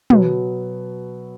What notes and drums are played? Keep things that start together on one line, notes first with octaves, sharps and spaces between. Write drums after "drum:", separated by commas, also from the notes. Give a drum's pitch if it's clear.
B2 F#3 B3, drum: tom